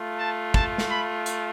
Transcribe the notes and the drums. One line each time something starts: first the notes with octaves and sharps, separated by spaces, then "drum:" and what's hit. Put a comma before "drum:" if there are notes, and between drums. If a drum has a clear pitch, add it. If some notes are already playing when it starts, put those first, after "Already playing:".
Already playing: A3 F4
A5
A5, drum: kick
drum: snare
B5
drum: hi-hat